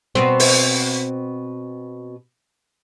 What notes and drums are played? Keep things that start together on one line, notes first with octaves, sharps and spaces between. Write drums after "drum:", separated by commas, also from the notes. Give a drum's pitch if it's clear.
B2 B3 C4
drum: open hi-hat